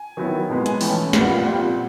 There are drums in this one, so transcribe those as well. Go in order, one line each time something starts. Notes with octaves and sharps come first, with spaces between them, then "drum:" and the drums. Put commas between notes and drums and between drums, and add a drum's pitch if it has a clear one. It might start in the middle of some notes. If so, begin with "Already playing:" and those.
Already playing: G#5
D#3 F#3 B3 E4
B2 G#3 B3
G#5, drum: hi-hat
E3 A3 C#4 G5, drum: open hi-hat
A#2 G3 B3, drum: snare
F#5
F5
F#5
A#2 G3 C4 G5